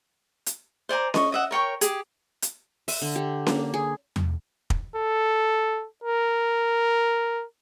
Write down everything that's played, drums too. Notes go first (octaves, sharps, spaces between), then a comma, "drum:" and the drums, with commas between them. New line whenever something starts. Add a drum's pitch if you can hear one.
drum: hi-hat
C5 D5 G#5 A#5
D#5 C#6, drum: snare C#4
D#5 E5 F#5
A#4 C#5 G5 C#6
G4 G#4, drum: hi-hat
drum: hi-hat
E5, drum: open hi-hat
D3
G4
A#3, drum: snare C#4
G#4
drum: tom E2
drum: kick
A4
A#4